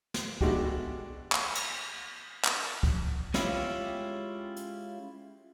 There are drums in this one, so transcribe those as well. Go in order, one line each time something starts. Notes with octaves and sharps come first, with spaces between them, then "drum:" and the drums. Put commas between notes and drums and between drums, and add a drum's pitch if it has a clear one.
drum: snare
B2 G#3 A3 D4 F#4 G4, drum: kick
drum: clap
drum: cymbal
drum: clap
drum: kick
G#3 C#4 E4 F4 G4, drum: snare
drum: hi-hat